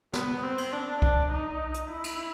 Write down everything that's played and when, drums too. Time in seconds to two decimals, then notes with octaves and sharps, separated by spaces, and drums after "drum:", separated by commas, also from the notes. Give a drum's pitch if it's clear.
0.13 B3, drum: snare
0.43 C4
0.58 drum: cymbal
0.73 D4
1.02 D4, drum: kick B1
1.32 D#4
1.74 drum: hi-hat
1.91 E4
2.04 drum: cymbal